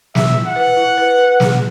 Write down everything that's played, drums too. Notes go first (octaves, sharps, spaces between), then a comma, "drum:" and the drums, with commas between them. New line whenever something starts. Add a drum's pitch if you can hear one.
G#4 E5, drum: snare
E4
F#5
B4
E4
B4
B4
G#4, drum: snare